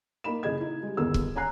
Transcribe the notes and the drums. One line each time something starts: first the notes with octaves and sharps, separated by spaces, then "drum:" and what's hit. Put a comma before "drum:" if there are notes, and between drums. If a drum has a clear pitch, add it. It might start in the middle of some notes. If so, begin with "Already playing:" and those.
A#3 D#4 B5 E7
F#1 G#4 D#5 G#6
D#4 E4
G3 G#3
G1 D#2 B3 G#4 E6
drum: kick
C#5 G#5 A#5 F#6 C7